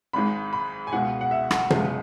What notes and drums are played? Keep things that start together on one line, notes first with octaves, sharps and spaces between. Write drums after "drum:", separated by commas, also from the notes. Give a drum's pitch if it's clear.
G#1 G#2 G#3 B5
B5
G#5
C#2 B2 G#3 F#5
F#5
E5
F#5, drum: rim click
F#1 E2 C#3 G#3, drum: tom